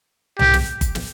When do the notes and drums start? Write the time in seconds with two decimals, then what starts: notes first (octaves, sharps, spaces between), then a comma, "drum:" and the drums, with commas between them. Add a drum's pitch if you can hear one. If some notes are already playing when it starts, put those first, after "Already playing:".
0.39 G4, drum: tom C2
0.53 drum: snare
0.81 drum: kick G1, hi-hat
0.95 drum: snare